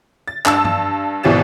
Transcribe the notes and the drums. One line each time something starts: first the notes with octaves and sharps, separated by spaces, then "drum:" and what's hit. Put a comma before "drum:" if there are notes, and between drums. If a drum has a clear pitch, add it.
A6
G2 A5 E6, drum: clap
drum: tom G2
G#1 B2 E3 G4 A6 E7